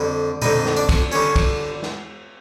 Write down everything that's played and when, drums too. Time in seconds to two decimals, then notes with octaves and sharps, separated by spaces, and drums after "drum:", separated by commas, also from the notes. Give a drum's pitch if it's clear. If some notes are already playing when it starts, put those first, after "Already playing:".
Already playing: F2 D3 G3
0.42 F2 D3 G3 D#4 D#5, drum: tom A#2
0.66 drum: snare
0.77 D4 D5
0.89 drum: kick, cymbal
1.12 D3 G3 C#4 C#5
1.36 drum: kick, cymbal
1.82 drum: snare